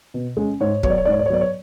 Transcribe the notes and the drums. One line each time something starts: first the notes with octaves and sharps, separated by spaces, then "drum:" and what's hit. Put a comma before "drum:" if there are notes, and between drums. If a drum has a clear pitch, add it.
B2
G#3 C#4
G#2 C#5
F#3 B3 C#5, drum: kick
D5
C#5
G#2 D5
C#5
D5
C#5
F#3 B3 D5
C#5